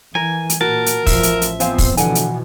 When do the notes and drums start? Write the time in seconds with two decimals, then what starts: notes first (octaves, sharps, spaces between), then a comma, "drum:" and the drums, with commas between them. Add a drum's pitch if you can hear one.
0.15 E3 A#4 G#5
0.50 drum: hi-hat
0.61 A#2 F#4 A#4 A5
0.86 drum: hi-hat
1.07 A1 F3 E5, drum: kick, open hi-hat
1.23 drum: hi-hat
1.42 drum: hi-hat
1.60 F3 B3 C4 C5 F5 G#5, drum: hi-hat
1.78 drum: kick, open hi-hat
1.97 B2 D3 E3 F3 F#5 G#5, drum: hi-hat
2.15 drum: hi-hat